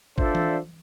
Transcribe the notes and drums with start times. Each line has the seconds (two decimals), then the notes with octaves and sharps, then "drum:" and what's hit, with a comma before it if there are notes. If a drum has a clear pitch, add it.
0.18 D4 F4 A4 C5 D5 E5, drum: kick G#1
0.35 drum: tom E3